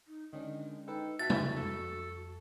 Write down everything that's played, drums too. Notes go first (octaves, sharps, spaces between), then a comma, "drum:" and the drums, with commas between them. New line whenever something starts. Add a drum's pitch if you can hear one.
D#4
D3 D#3 G#3 C#4 D4
D#4 A4 B4 G5
B2 F#4 E5 A5 A6 B6
drum: tom
F2 A4